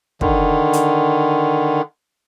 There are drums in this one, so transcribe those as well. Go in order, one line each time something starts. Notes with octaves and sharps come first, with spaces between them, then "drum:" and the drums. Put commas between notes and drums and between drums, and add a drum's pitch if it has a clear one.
D3 D#3, drum: kick
drum: hi-hat